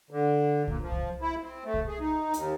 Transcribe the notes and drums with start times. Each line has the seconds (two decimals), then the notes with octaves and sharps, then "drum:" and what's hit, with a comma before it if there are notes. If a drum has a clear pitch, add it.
0.11 D3
0.68 A#2, drum: kick C2
0.81 F3
0.92 drum: kick C2
1.22 E4
1.41 C4
1.64 A3
1.74 drum: kick C2
1.88 G#4
2.00 D#4
2.34 D#2, drum: hi-hat